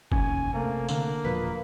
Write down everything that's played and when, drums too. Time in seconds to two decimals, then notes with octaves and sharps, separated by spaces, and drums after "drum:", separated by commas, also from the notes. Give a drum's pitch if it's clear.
0.12 F1 D#2 C#4 G#5, drum: kick F#1
0.53 C3 A3 A#3
0.89 D3 A#3, drum: tambourine
1.24 E1 A#2 F3 B4